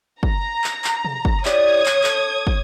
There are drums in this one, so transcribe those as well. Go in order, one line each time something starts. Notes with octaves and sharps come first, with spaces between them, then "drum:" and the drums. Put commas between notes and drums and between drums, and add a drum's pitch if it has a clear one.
A#5, drum: kick
drum: clap
drum: clap
drum: tom
drum: kick
E4 G4 C#5 D5 D#6 G#6, drum: clap
drum: clap
A4, drum: clap
drum: kick